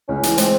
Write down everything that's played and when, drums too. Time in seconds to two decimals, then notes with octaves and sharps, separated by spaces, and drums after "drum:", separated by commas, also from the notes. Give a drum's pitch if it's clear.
0.08 C#2 C#4
0.23 E3, drum: hi-hat
0.38 G#3 C4, drum: hi-hat